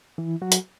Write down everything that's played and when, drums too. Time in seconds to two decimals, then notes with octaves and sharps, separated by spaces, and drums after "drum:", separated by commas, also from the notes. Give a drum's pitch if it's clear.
0.18 E3 E4
0.42 F#3 F#4
0.52 drum: hi-hat